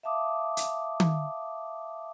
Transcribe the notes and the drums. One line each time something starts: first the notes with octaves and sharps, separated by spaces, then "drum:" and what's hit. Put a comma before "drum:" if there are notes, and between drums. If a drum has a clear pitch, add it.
E5 F5 A5 D6 D#6
drum: hi-hat
drum: tom D#3